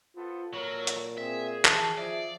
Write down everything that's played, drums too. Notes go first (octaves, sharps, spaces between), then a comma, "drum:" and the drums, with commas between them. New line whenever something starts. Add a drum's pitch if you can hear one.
B3 F4 A4 C5
A#2 F#3 A4 A#4 C#5
drum: hi-hat
C4 G#4 E5
E3 A5, drum: clap
F3 D5 E5